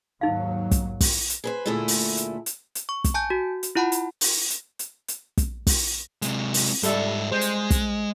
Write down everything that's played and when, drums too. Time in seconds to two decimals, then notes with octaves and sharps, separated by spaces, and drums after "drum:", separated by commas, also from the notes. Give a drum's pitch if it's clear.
0.21 D#2 G#2 F#3 D#4 F5
0.71 drum: kick, hi-hat
1.01 drum: kick, open hi-hat
1.30 drum: hi-hat
1.44 G#4 B4 C5
1.66 D2 A#2 A3 E4 G#4 E5
1.88 drum: open hi-hat
2.17 drum: hi-hat
2.46 drum: hi-hat
2.75 drum: hi-hat
2.89 C#6
3.04 drum: kick, hi-hat
3.14 G#5 A5 G6
3.30 F#4
3.63 drum: hi-hat
3.75 E4 F4 F#5 A5 B5
3.92 drum: hi-hat
4.21 drum: open hi-hat
4.50 drum: hi-hat
4.79 drum: hi-hat
5.08 drum: hi-hat
5.37 drum: kick, hi-hat
5.67 drum: kick, open hi-hat
6.22 C3 G#3, drum: hi-hat
6.54 drum: open hi-hat
6.83 G#2 G3 A4 E5, drum: hi-hat
7.31 G#3 C5
7.41 drum: hi-hat
7.71 drum: kick, hi-hat